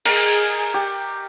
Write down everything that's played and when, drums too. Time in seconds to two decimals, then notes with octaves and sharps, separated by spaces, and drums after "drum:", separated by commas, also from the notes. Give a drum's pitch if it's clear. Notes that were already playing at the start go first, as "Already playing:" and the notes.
0.05 G#4 A#4 D#5, drum: cymbal
0.74 G4